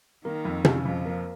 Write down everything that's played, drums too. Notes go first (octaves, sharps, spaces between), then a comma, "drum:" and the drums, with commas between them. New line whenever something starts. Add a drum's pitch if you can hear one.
D#3 A#3
F2
C#3, drum: tom
F2 F3
A#3